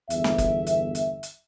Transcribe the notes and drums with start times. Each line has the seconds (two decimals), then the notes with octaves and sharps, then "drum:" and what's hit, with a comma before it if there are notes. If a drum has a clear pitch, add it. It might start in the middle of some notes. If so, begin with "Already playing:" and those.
0.10 G1 E2 E5, drum: hi-hat
0.24 drum: snare
0.38 drum: kick F#1, hi-hat
0.67 drum: hi-hat
0.95 drum: hi-hat
1.23 drum: hi-hat